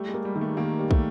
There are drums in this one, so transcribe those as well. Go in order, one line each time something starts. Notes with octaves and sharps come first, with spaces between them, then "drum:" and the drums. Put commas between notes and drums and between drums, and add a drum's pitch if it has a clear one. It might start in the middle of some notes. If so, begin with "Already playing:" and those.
Already playing: G3 A3
G#3
A#3
G3
D#3
A3
D#3 A#3
G3
A3, drum: kick